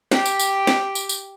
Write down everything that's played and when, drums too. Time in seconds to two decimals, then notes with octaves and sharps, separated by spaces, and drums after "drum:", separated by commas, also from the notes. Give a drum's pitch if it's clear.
0.12 G4 G5, drum: snare
0.25 drum: tambourine
0.39 drum: tambourine
0.67 drum: snare
0.95 drum: tambourine
1.09 drum: tambourine